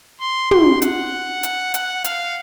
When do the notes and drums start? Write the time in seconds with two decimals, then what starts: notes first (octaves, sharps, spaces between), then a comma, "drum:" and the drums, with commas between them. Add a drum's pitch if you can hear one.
0.20 C6
0.51 C6, drum: tom
0.82 F#5, drum: hi-hat
1.43 drum: hi-hat
1.74 F#5, drum: hi-hat
2.04 F5, drum: hi-hat